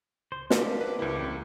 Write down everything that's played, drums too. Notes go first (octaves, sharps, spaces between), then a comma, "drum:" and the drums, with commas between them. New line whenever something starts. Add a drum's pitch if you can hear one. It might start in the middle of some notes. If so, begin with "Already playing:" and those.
C#2 C5
D4 G4 A#4 C5 F5, drum: snare
B4
C#2 A#3 E4 G4
E2 C4